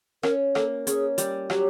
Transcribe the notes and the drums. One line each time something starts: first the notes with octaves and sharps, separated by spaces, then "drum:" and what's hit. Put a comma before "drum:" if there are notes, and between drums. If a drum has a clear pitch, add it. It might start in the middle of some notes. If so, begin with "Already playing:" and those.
C#4 A#4, drum: rim click
A#3 A4, drum: rim click
C#4 G#4, drum: hi-hat
G3, drum: hi-hat
F#3 G4, drum: rim click